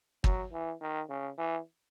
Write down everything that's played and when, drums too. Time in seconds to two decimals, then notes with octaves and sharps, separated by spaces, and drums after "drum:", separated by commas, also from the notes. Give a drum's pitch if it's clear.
0.24 F#3, drum: kick
0.53 E3
0.81 D#3
1.10 C#3
1.38 E3